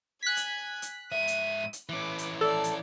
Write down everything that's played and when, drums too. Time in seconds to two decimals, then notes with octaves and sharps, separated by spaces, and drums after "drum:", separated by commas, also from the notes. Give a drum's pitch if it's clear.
0.23 G#5 F#6 G#6 B6
0.37 drum: hi-hat
0.82 drum: hi-hat
1.12 G#2 E5 D#7
1.28 drum: hi-hat
1.73 drum: hi-hat
1.89 E3 C#4 B4 D6
2.18 drum: hi-hat
2.41 A4 D5
2.64 drum: hi-hat